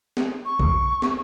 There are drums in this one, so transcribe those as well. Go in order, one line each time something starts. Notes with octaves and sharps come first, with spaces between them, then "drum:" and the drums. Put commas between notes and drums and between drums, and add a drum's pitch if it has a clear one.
drum: snare
C#6
drum: kick B1
drum: snare